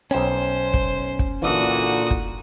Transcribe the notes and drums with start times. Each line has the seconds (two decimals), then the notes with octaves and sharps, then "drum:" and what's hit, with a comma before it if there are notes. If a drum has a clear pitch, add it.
0.11 B1 C#4 C5 G5
0.74 drum: kick
1.19 drum: kick
1.42 A#2 D3 E3 D4 F#4 D#6
2.11 drum: kick